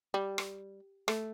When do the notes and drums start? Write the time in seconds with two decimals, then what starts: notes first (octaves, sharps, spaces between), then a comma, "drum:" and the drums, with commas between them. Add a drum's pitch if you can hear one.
0.14 G3
0.38 drum: rim click
1.08 A3, drum: rim click